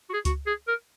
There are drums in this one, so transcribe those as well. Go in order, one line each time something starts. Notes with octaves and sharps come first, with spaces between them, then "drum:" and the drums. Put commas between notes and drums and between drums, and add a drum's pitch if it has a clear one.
F#4
G#4
F#4, drum: kick C#2, hi-hat
G#4
A#4